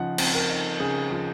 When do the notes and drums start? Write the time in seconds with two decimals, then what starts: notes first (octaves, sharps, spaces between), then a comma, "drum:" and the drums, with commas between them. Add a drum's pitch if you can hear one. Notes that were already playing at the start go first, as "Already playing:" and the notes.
Already playing: C#3 F3 D#4 F#5
0.18 C4, drum: cymbal
0.34 A#4
0.49 D#4
0.80 C#3 G#4
1.11 F3